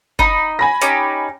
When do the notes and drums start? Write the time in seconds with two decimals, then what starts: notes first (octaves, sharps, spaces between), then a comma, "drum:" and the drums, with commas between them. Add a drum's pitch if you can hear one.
0.19 D#4 B5, drum: kick
0.59 G#5 B5 A#6
0.81 C#4 D#4 G4, drum: hi-hat